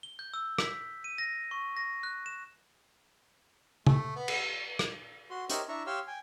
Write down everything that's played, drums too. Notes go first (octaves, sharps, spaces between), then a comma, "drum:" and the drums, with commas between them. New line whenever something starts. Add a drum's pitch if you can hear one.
G7
G6
E6
B6, drum: rim click
D#7
A#6
C#6
A#6
F#6
E7
A3, drum: tom
B3
drum: cymbal
drum: rim click
F#4 C6
D#4 G4 A#4 C5 C#5 E5, drum: hi-hat
D4 E4 E5 A#5 C#6
G4 C#5 F5 C6 E6 F6
G5 G#5